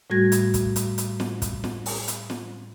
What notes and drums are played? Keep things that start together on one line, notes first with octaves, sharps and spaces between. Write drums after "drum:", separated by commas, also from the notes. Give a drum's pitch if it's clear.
A2 G3 A3 F#4 G#6 A#6
drum: hi-hat
drum: kick, hi-hat
drum: hi-hat
drum: hi-hat
drum: snare
drum: kick, hi-hat
drum: snare
drum: open hi-hat
drum: hi-hat
drum: snare